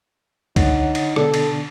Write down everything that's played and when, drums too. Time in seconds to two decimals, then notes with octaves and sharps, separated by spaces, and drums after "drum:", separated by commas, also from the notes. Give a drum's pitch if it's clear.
0.56 D3 D#4 C#5 F#5, drum: kick C#2, cymbal
0.95 drum: cymbal
1.16 B2 D3 D4 A4, drum: rim click
1.34 drum: cymbal